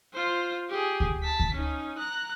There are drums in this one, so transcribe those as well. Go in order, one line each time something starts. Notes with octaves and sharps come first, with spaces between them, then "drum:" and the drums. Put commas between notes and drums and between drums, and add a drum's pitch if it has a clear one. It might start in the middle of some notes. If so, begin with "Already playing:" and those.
F4 C5
G4 G#4
drum: kick D2
A5 B6
drum: kick D2
C#4 D#4
A#5 F#6